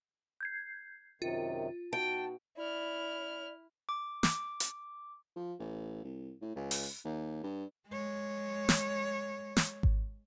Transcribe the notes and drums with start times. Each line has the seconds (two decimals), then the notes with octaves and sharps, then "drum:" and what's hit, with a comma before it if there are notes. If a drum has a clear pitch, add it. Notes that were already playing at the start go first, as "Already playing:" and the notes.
0.41 G6 G#6 C7
1.22 F#2 C3 D#3 F4
1.93 B2 D#4 F#4 G5 A5
2.57 E4 D5 F6
3.89 D6
4.23 D6, drum: snare
4.60 drum: hi-hat
5.36 F3
5.59 A1
6.03 C2
6.41 A2
6.56 C#2
6.71 drum: open hi-hat
7.04 D#2
7.43 G2
7.88 G#3 C#5
8.69 drum: snare
9.57 drum: snare
9.83 drum: kick G#1